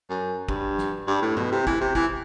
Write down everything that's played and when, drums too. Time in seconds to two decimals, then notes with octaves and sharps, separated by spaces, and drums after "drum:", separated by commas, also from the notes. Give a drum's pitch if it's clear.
0.10 F#2
0.49 G2, drum: kick
0.78 drum: snare
1.08 G2
1.22 A2
1.37 B2, drum: tom G2
1.52 C3
1.67 E3, drum: kick
1.81 C3
1.95 E3, drum: kick